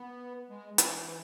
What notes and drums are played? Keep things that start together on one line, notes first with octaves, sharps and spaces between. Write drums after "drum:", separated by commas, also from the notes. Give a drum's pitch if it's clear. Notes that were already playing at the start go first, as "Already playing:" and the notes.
Already playing: B3
G#3
E3, drum: hi-hat